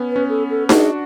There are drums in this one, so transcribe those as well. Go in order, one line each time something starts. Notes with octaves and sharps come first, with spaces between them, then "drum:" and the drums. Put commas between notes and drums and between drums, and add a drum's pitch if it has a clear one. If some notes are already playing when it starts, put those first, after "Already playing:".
Already playing: B3 C#4
B4
C#4
A4
A4
D4 F#4 G#4, drum: snare D#4